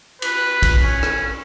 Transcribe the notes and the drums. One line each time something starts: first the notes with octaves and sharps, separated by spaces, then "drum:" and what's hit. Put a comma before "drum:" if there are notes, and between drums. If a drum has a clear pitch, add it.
B4, drum: cymbal
drum: kick, cymbal
C#4
drum: rim click